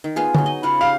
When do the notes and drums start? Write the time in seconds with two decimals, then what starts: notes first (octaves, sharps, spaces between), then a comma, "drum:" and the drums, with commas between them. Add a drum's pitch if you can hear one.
0.04 D#3
0.16 B3 F4 G#4 G#5
0.35 F#3 D#4, drum: tom
0.46 D#5
0.63 C#3 F4 F#5 B5
0.81 G4 F5